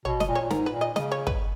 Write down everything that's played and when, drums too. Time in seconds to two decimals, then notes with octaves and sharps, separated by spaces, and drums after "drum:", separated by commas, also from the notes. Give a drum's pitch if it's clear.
0.05 B2 C#5, drum: tom
0.20 D#5, drum: snare
0.28 A#2
0.35 C#5
0.41 A#2
0.50 G#2 A#4, drum: snare
0.66 B4
0.73 A#2
0.81 D#5
0.96 C#3 D#5, drum: snare
1.12 C#5
1.27 B4, drum: kick